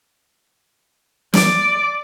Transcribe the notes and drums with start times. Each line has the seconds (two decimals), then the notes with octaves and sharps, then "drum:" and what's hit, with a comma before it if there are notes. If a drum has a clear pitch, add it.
1.34 D5, drum: snare